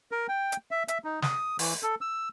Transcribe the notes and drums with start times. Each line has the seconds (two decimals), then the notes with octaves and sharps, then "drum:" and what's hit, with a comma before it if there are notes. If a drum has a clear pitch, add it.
0.12 A#4
0.29 G5
0.52 drum: hi-hat
0.71 E5
0.88 E5, drum: hi-hat
1.04 D#4
1.22 D#6, drum: snare
1.59 E3, drum: open hi-hat
1.83 A4
2.01 E6